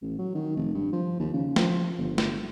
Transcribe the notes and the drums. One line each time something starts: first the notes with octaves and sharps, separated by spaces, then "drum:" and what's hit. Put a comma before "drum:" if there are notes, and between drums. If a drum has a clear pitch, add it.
A1
F#3
D#3
F1
G2
F3
D#2
C#3
F3, drum: snare
G1
drum: snare